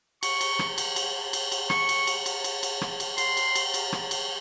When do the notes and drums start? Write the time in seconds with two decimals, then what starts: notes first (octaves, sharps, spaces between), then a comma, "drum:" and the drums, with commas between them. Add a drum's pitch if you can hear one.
0.23 C#6, drum: cymbal
0.41 drum: cymbal
0.59 drum: rim click
0.78 drum: cymbal
0.96 drum: cymbal
1.33 drum: cymbal
1.52 drum: cymbal
1.70 C#6, drum: rim click
1.89 drum: cymbal
2.07 drum: cymbal
2.26 drum: cymbal
2.44 drum: cymbal
2.63 drum: cymbal
2.81 drum: rim click
3.00 drum: cymbal
3.18 C6, drum: cymbal
3.37 drum: cymbal
3.55 drum: cymbal
3.74 drum: cymbal
3.93 drum: rim click
4.11 drum: cymbal